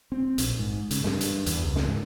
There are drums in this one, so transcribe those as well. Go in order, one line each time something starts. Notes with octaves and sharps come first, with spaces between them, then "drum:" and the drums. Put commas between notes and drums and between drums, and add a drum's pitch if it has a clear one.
C4
A#1, drum: hi-hat
G#2
C#3, drum: hi-hat
G2, drum: snare
drum: hi-hat
E2, drum: hi-hat
C#2
drum: snare
G#2